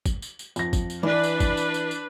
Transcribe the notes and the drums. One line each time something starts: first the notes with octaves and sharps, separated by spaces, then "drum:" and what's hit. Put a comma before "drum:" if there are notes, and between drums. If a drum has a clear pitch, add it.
drum: kick G#1, tambourine
drum: tambourine
drum: tambourine
F2 A#6, drum: tambourine
drum: kick G#1, tambourine
drum: tambourine
E3 D4 B4 D5
drum: tambourine
drum: kick G#1, tambourine
drum: tambourine
drum: tambourine
drum: tambourine